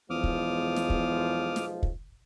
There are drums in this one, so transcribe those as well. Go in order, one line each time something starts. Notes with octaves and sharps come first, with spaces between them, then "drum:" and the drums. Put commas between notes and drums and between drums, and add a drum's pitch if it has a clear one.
B1 E2 F3 G#3 D6 D#6 F6
drum: kick
drum: snare
drum: kick
drum: snare
drum: kick